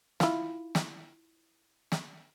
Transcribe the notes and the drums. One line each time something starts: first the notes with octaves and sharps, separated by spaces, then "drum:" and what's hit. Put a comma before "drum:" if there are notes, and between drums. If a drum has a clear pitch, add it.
E4 F4, drum: snare
drum: snare
drum: snare